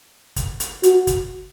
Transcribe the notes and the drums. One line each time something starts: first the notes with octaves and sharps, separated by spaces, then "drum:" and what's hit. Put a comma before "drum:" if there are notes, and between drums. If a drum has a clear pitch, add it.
drum: kick, hi-hat
drum: hi-hat
F#4, drum: hi-hat
drum: kick, hi-hat